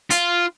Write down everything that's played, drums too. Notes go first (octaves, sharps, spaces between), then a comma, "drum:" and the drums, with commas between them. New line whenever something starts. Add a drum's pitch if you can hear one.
F4, drum: hi-hat